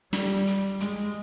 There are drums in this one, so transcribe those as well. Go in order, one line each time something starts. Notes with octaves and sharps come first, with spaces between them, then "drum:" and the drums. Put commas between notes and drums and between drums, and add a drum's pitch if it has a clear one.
G3, drum: snare
drum: hi-hat
G#3, drum: hi-hat